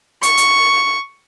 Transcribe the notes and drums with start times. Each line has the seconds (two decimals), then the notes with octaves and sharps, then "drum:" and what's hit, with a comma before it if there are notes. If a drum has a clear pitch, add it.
0.23 C#6, drum: hi-hat
0.37 drum: hi-hat